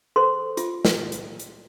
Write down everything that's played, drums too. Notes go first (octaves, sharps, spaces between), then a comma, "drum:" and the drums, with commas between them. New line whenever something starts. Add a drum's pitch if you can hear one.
A4 C5 C6
F4, drum: hi-hat
drum: snare
drum: hi-hat
drum: hi-hat